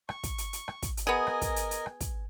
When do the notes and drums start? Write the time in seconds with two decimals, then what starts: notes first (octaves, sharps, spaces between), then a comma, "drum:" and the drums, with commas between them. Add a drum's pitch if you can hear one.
0.09 C#6, drum: rim click
0.23 drum: kick, hi-hat
0.38 drum: hi-hat
0.53 drum: hi-hat
0.68 drum: rim click
0.82 drum: kick, hi-hat
0.97 drum: hi-hat
1.07 B3 G#4 A#4 D#5 G#5
1.27 drum: rim click
1.41 drum: kick, hi-hat
1.56 drum: hi-hat
1.71 drum: hi-hat
1.86 drum: rim click
2.01 drum: kick, hi-hat